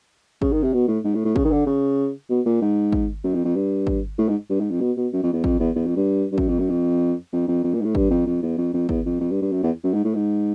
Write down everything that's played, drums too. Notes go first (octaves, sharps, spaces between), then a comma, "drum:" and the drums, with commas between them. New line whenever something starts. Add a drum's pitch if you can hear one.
C#3, drum: kick
D#3
C3
B2
A2
G#2
A2
A2
C#3, drum: kick
D#3
D3
C#3
B2
A#2
G#2
drum: kick
F#2
F2
F2
G2
drum: kick
A2
G#2
G2
G#2
F2
B2
B2
F#2
F2
E2
F2, drum: kick
E2
E2
F2
G2
G2
F#2, drum: kick
F2
F#2
F2
F2
F2
F2
A#2
G#2
A2
G2, drum: kick
F2
F2
E2
F2
F2
E2, drum: kick
F2
F2
G2
G2
F#2
E2
F#2
G#2
A2
G#2